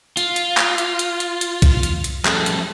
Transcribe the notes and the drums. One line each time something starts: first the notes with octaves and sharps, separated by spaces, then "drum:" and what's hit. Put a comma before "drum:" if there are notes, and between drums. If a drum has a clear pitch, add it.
F4, drum: hi-hat
drum: hi-hat
drum: clap
drum: hi-hat
drum: hi-hat
drum: hi-hat
drum: hi-hat
drum: kick B1, hi-hat
drum: hi-hat
drum: hi-hat
F3 G3 C#4 G#4 A4, drum: clap
drum: hi-hat